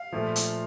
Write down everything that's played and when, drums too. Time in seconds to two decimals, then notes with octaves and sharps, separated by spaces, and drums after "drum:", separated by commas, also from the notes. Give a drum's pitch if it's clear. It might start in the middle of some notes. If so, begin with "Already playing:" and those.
Already playing: F5
0.13 A#2 F3 A3
0.36 drum: hi-hat